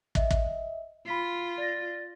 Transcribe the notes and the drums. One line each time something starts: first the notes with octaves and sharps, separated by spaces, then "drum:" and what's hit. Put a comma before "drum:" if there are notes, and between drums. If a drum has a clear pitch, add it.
D#5 E5, drum: kick
drum: kick
F4 B5 B6 C7
D5 A6 A#6